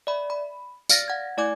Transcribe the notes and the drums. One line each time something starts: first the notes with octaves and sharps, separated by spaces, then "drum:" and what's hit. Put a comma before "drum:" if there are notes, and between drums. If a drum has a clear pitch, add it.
D5 E5 B5
B5
D5 F5 F6 A6 A#6, drum: tambourine
F#5 G#6
A3 E4 D5 G#5 D6 G#6